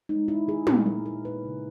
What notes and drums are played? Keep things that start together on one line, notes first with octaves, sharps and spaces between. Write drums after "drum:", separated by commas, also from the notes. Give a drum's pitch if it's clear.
G#3 D#4
G#3 E4
D#3 G#4
A#2 A#4, drum: tom
A#3 A#4
A#3 A#4
A#2 B4
C#3